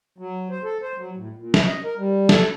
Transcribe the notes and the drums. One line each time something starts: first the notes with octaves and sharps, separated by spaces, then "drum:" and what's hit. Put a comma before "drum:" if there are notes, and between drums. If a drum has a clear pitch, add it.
F#3
C5
A4
C5
F#3
A2
A#2
drum: snare
D#5
A#4
G3
A4, drum: snare